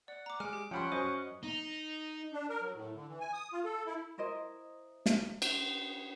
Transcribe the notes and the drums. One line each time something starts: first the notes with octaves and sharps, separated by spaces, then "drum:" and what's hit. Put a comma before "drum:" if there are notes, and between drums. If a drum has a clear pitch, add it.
D5 F#5
A#5 D6
G#3 D6 F6
G4
F3 G3 C#4 F#5 G5 B5 C6
F#2 C5 D#5 C#6
D#4
D4
A#4
F#3
A2
D3
E3
G#5
D#6
F4
A4
E4
E4 A#4 C5 D#5
drum: snare
drum: cymbal